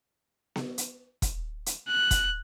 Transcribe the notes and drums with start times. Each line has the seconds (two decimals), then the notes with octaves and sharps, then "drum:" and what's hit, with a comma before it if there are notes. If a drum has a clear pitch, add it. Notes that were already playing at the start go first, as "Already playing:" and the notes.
0.56 drum: snare B3
0.78 drum: hi-hat
1.22 drum: kick E1, hi-hat
1.66 drum: hi-hat
1.89 F#6
2.11 drum: kick E1, hi-hat